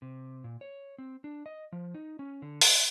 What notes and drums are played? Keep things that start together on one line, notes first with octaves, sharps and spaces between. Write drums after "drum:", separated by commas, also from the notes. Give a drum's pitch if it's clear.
C3
A#2
C#5
C4
D4
D#5
F3
D#4
C#4
D3
E5, drum: open hi-hat